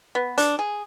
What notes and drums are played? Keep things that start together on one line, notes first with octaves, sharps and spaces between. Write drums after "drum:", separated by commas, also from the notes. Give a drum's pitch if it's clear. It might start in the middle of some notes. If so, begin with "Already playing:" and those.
B3
D4, drum: hi-hat
G#4